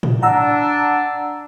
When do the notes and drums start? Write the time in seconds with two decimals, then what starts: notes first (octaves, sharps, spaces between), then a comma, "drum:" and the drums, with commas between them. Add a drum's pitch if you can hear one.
0.03 drum: tom A2
0.22 D4 F#5 A#5 E6